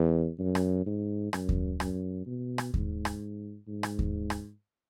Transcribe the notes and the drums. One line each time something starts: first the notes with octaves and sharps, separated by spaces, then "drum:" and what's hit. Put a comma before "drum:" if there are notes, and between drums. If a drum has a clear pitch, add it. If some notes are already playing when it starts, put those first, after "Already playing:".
Already playing: E2
F#2
drum: rim click
G#2
F#2, drum: rim click
drum: kick D#2
F#2, drum: rim click
B2
drum: rim click
G#2, drum: kick D#2
drum: rim click
G#2
drum: rim click
drum: kick D#2
drum: rim click